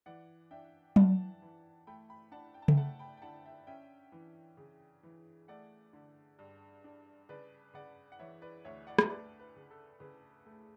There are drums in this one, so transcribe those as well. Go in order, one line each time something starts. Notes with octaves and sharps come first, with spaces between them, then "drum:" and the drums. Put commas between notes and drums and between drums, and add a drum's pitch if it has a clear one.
E3 D5 F#5
D4 E5 G5
E3 F#5 A5, drum: tom F#3
E3
A3 G5 B5
G5 B5
D4 F#5 A5
G5
A5
E5 G5, drum: tom C#3
A3 F#5 A5
G5 B5
G5
D3 F#5 A5
E5 G5
C#4 E5 G5
E3
C#3
E3
A3 D5 F#5
D3
G2
D4
C#3 B4 D5
C#3 D5 F#5
F#5
E3 C#5 E5
B4 D5
D2 C#5 E5
D5 F#5
E5, drum: rim click
A3 B4 D5
B4
C#3
A4
C#3 B4
A3